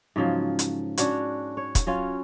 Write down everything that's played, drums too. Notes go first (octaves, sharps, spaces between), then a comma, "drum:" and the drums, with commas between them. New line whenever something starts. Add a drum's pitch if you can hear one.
G#2 C#3 F3 F#3
drum: hi-hat
C#4 D4 F#4 C#5, drum: hi-hat
C#5
drum: kick, hi-hat
F#3 C#4 F4